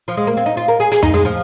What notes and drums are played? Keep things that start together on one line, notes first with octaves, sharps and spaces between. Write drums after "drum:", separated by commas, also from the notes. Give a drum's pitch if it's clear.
F3
G#3
A#3
C4
D#4
F4
A#4
G#4
G#4, drum: hi-hat
D#4, drum: tom F2
G#3
F3